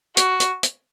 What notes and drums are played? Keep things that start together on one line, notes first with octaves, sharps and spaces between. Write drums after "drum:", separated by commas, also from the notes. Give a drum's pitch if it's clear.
F#4, drum: hi-hat
drum: hi-hat
drum: hi-hat